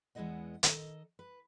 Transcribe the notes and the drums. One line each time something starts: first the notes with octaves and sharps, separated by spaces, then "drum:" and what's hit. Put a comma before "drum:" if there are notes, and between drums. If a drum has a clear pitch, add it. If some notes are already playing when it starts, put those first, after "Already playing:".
E2 G#3 B3 E4 D#5 F#5
D#3 A4 D#5, drum: hi-hat
B4